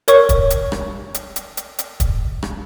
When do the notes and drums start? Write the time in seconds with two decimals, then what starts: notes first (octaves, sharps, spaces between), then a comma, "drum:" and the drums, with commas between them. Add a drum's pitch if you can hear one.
0.08 A#4 C#5 C#6, drum: hi-hat
0.29 drum: kick, hi-hat
0.50 drum: hi-hat
0.72 drum: rim click
1.14 drum: hi-hat
1.36 drum: hi-hat
1.57 drum: hi-hat
1.79 drum: hi-hat
2.00 drum: kick, hi-hat
2.43 drum: rim click